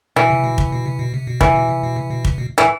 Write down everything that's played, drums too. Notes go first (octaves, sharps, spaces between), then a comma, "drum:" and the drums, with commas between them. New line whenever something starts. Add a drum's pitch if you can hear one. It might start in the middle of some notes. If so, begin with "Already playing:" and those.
B2 E3
C3
B2
C3, drum: kick
B2
C3
B2
C3
B2
C3 E3, drum: kick
B2
C3
B2
C3
B2
C3, drum: kick
B2
A2 E3